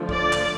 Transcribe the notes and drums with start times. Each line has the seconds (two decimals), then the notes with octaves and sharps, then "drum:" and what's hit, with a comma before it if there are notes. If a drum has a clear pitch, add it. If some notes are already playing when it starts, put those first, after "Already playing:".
Already playing: D3 F3 A3
0.09 D5, drum: kick
0.33 drum: clap